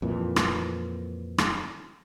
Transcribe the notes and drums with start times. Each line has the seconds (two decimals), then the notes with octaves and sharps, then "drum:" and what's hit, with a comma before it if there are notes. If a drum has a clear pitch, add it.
0.02 F2 A#2 E3
0.36 drum: rim click
1.38 drum: rim click